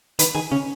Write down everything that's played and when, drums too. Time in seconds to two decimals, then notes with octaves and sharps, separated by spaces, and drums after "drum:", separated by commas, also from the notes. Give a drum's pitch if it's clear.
0.19 D#3 B4, drum: hi-hat
0.35 D#3 G#4
0.52 C#3 C#4